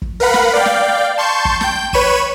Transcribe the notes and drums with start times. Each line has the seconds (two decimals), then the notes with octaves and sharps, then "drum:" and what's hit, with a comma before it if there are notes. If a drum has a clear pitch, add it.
0.02 drum: kick
0.20 A#4 B4 F5 F#5 B5
0.34 drum: snare
0.53 D5 F5 G5
0.65 drum: snare
1.18 A5 C6 C#6 G6
1.45 drum: kick
1.61 G5 G6, drum: snare
1.93 B4 C#5 B5 C#6 D#7 E7, drum: kick